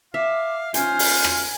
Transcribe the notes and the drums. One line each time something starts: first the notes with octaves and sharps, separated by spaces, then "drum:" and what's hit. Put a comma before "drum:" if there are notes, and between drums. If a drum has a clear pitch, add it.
E5 F5 D6
C#4 F4 C5 G#5, drum: hi-hat
drum: open hi-hat
drum: rim click